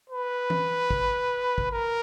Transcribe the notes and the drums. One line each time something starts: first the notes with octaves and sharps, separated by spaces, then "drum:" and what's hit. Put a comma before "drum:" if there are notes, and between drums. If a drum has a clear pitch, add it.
B4
drum: tom E3
drum: kick
drum: kick
A#4